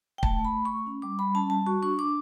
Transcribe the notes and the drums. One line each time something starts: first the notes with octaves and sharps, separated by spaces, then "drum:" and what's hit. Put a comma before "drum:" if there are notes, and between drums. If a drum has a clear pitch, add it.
G5
A3 A5, drum: kick
A3 B5
A3
C#6
A3
C#4
G3 D6
G3 B5
C#4 A5
G3 A5
F#4 C#6
D4 C#6
D4 D6